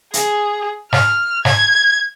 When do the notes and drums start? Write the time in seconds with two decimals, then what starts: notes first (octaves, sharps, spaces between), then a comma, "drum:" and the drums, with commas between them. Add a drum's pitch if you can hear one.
0.14 G#4, drum: hi-hat
0.93 F6, drum: snare
1.45 G#6, drum: snare